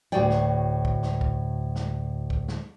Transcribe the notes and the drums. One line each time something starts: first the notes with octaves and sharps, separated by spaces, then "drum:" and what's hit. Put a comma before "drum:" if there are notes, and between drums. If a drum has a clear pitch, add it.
D2 A2 F#4 G#4 D5 G5
drum: snare
drum: kick
drum: snare
drum: kick
drum: snare
drum: kick
drum: snare